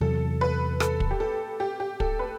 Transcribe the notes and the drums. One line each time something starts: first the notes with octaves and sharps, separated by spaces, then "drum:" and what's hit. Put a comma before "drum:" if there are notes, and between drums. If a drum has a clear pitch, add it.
E2 C3 F#3 A4
B4
A4, drum: rim click
drum: kick
G4
A4
G4
G4
A4, drum: kick
B4